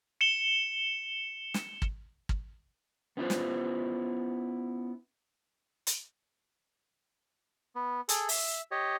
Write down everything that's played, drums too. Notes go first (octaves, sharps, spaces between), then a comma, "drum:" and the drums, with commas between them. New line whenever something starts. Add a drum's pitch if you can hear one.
C#7 E7 G7
drum: snare
drum: kick
drum: kick
B3 C#4 E4 F4 B4 C5
drum: snare
drum: hi-hat
B3
G#4 A4, drum: hi-hat
E5, drum: open hi-hat
G4 C#5 D#5